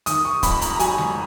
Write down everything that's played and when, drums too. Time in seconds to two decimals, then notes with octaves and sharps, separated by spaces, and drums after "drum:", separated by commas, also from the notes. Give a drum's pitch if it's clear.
0.06 D#3 D#6, drum: hi-hat
0.25 C#6
0.43 F2 B5, drum: kick, hi-hat
0.61 A#5, drum: hi-hat
0.75 A#5
0.80 F#3 G#5, drum: hi-hat
0.98 drum: snare G#3